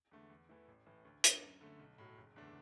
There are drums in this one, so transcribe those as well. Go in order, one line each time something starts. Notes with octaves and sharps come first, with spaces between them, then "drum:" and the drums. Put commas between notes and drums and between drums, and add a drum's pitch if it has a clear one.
E2 D3 A3
E2
E3 A3 E4
A1
A2 E3
D2
D3 B3 D4, drum: hi-hat
F#2
D3 A3
B1
A2 F#3
F#1
E2 D3 A3 D4